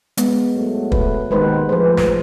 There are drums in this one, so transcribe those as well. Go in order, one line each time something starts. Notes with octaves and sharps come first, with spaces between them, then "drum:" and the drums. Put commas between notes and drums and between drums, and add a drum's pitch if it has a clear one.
G#3 B3, drum: hi-hat
G#2 F#3 A3
B4, drum: kick
D#2 B2 D#3 G#3 B4 C5
F3 A3 G#4 B4 C5
drum: snare